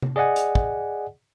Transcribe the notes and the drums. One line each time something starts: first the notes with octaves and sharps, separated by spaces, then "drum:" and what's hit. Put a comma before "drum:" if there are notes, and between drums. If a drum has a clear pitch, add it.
drum: tom C3
G#4 D5 D#5 F#5 G#5
drum: hi-hat
drum: kick